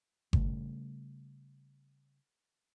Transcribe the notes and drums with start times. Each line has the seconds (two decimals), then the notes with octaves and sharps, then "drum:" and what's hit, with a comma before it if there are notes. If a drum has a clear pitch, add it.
0.33 C#3 G3 A3, drum: kick G1